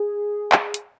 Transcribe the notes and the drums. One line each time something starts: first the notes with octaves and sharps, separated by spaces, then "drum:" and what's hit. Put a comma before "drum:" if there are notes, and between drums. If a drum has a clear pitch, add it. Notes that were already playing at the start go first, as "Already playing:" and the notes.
Already playing: G#4
drum: clap
drum: hi-hat